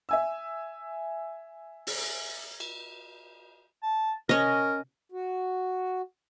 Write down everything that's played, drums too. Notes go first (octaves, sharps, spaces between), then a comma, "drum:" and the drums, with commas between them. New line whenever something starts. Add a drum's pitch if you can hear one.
E5 G#5 E6
drum: open hi-hat
drum: cymbal
A5
C#4 A#4 D#5, drum: tom C3
F#4